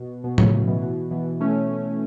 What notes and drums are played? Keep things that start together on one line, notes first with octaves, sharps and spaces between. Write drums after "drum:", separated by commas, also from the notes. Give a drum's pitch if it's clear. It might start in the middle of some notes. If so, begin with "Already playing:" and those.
Already playing: B2
B2
A2 C#3, drum: tom
A2 C#3
B2 E3
B2 E3
B2 E3
A3 C#4